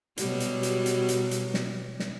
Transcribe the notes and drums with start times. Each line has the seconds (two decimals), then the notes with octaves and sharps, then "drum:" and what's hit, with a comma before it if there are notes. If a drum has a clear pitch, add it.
0.17 B2 F#3 G3, drum: hi-hat
0.40 drum: hi-hat
0.63 drum: hi-hat
0.86 drum: hi-hat
1.08 drum: hi-hat
1.31 drum: hi-hat
1.54 drum: snare
2.00 drum: snare